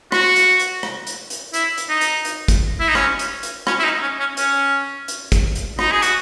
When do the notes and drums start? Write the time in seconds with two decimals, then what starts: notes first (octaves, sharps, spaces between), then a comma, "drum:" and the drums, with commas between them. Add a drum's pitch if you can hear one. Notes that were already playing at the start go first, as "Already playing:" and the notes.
0.12 F#4, drum: rim click
0.36 drum: hi-hat
0.59 drum: hi-hat
0.83 drum: rim click
1.07 drum: hi-hat
1.30 drum: hi-hat
1.54 E4, drum: hi-hat
1.78 drum: hi-hat
1.89 D#4
2.01 drum: hi-hat
2.25 drum: hi-hat
2.48 drum: kick, hi-hat
2.80 E4
2.88 D#4
2.95 C#4, drum: rim click
3.19 drum: hi-hat
3.43 drum: hi-hat
3.67 C#4, drum: rim click
3.79 E4
3.84 D#4
4.02 C#4
4.19 C#4
4.37 C#4, drum: hi-hat
5.08 drum: hi-hat
5.32 drum: kick, hi-hat
5.55 drum: hi-hat
5.79 D#4, drum: rim click
5.92 G#4
6.02 F#4, drum: hi-hat